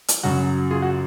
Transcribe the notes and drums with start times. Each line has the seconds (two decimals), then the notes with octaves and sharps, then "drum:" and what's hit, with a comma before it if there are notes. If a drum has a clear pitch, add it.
0.08 drum: hi-hat
0.23 F#2 C#3 F#3 F#4
0.70 F4 G#4
0.82 F#4